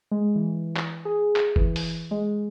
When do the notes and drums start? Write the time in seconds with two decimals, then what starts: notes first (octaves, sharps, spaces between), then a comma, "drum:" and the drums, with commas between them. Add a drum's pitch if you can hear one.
0.11 G#3
0.36 E3
0.76 drum: clap
1.05 G#4
1.36 drum: clap
1.56 E3, drum: kick F#1
1.76 drum: open hi-hat
2.11 G#3